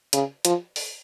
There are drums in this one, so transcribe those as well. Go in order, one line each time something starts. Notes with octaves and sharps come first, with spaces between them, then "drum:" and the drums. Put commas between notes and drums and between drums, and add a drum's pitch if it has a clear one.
C#3, drum: hi-hat
F3, drum: hi-hat
drum: open hi-hat